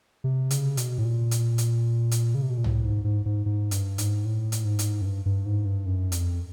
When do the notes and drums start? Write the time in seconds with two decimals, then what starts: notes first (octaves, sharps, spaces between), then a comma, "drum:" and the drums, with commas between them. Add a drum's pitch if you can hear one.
0.24 C3
0.51 C#3, drum: hi-hat
0.77 B2, drum: hi-hat
0.98 A2
1.05 A#2
1.31 drum: hi-hat
1.58 drum: hi-hat
2.11 drum: hi-hat
2.35 C#3
2.42 C3
2.50 B2
2.57 A#2
2.64 A2, drum: tom C2
2.85 G#2
3.04 G#2
3.25 G#2
3.46 G#2
3.71 G2, drum: hi-hat
3.98 G#2, drum: hi-hat
4.25 A2
4.52 drum: hi-hat
4.65 G#2
4.79 drum: hi-hat
5.01 F#2
5.05 G2
5.26 G2
5.46 G#2
5.65 G2
5.86 F#2
6.12 F2, drum: hi-hat